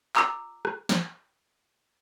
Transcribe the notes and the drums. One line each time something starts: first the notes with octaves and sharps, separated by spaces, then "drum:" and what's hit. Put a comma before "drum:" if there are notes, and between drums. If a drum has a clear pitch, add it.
A#5 D6 E6, drum: clap
drum: rim click
drum: snare